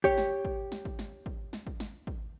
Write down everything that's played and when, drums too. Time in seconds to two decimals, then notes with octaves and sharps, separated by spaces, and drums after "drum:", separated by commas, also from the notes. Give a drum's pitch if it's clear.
0.04 G4 C#5, drum: kick
0.18 drum: snare
0.45 drum: kick
0.72 drum: snare
0.85 drum: kick
0.99 drum: snare
1.26 drum: kick
1.53 drum: snare
1.67 drum: kick
1.80 drum: snare
2.07 drum: kick